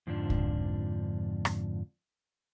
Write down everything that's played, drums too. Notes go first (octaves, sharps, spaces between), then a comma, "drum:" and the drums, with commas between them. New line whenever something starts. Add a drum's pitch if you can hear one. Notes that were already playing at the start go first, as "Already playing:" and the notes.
F2 G#2 D3 F3 D4
drum: kick C2
drum: rim click